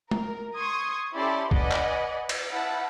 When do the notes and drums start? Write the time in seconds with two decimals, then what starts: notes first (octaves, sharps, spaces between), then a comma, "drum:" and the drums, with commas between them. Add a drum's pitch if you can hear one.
0.11 A#4, drum: tom
0.56 C6 C#6 D#6 G#6
1.14 C#4 E4 G4 A4 D5 C6
1.51 B4 D5 D#5 F#5 G#5, drum: kick
1.71 drum: clap
2.29 drum: cymbal
2.51 E4 F#5 A5